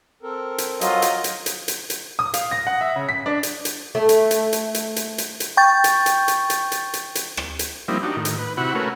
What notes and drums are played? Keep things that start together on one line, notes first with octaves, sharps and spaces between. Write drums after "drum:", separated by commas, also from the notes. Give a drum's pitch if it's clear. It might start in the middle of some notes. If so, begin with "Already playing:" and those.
C4 A4 A#4
drum: hi-hat
F#3 F4 D#5, drum: hi-hat
drum: hi-hat
drum: hi-hat
drum: hi-hat
drum: hi-hat
drum: hi-hat
D#6
F5, drum: hi-hat
A#6
F#5
E5
C#3
B6
D4
drum: hi-hat
drum: hi-hat
A3
drum: hi-hat
drum: hi-hat
drum: hi-hat
drum: hi-hat
drum: hi-hat
drum: hi-hat
drum: hi-hat
G5 C#6 G6 A6
drum: hi-hat
drum: hi-hat
drum: hi-hat
drum: hi-hat
drum: hi-hat
drum: hi-hat
drum: hi-hat
drum: rim click
drum: hi-hat
F3 G3 A#3 C4 D#4 E4
D4 D#4 F#4 G4
A2 D#3
drum: hi-hat
B4
C3 E4 F#4 F#5 B5
A3 C#4 F#4 A#4 B4